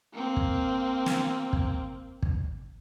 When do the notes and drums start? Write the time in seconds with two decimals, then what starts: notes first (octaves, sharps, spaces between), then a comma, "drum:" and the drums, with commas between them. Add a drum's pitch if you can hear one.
0.13 A#3 C4
0.37 drum: kick
1.06 drum: snare
1.53 drum: kick
2.23 drum: kick